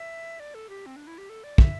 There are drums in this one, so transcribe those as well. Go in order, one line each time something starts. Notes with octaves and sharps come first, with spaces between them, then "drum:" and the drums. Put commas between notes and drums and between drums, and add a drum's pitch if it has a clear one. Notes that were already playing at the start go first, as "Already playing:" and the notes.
Already playing: E5
D5
A4
G4
C4
D4
E4
G4
A4
D5
E5, drum: kick